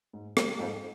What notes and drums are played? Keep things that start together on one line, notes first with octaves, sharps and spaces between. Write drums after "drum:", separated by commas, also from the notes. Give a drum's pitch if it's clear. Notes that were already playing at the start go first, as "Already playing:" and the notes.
G#2
G3 A#3, drum: rim click
F2 G#2